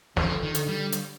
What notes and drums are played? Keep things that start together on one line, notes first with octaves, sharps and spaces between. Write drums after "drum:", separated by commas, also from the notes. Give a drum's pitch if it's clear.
D3 F3, drum: snare
D#3
D3, drum: hi-hat
G3
drum: hi-hat